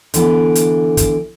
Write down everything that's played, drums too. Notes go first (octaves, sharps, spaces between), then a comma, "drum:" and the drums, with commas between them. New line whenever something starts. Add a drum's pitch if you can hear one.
D3 E3 B3, drum: hi-hat
drum: hi-hat
drum: kick, hi-hat